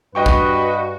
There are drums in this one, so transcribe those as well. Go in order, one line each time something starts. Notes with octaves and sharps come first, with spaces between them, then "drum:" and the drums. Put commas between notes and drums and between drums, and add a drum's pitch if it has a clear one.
G2 F#4 B4 D#5 G5 C#6
drum: kick